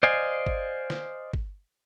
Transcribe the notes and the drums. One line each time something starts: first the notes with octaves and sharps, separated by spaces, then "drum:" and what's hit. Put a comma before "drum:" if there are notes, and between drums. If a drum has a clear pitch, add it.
C5 D5 D#5 F5 G#5
drum: kick
drum: snare
drum: kick